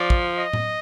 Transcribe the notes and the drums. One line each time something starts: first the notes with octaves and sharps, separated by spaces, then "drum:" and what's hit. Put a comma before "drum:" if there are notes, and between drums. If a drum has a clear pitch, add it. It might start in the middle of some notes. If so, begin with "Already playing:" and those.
Already playing: F3 D5
drum: kick
D#5
drum: tom A2